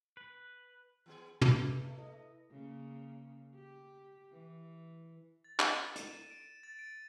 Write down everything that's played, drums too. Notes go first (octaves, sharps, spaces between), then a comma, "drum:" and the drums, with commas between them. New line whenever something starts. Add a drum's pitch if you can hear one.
B4
E3 B3 G#4
A3 D#4 G#4 B4, drum: tom
A3
E4 A4 D#5
C#3 A#3
G4
E3
A6
D#7, drum: clap
E7, drum: hi-hat
E7
D7
A6
D7